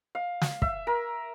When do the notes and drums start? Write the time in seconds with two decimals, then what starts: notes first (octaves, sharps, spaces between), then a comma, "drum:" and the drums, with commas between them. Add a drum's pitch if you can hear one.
0.15 F5
0.42 drum: snare
0.62 E5, drum: kick
0.87 A#4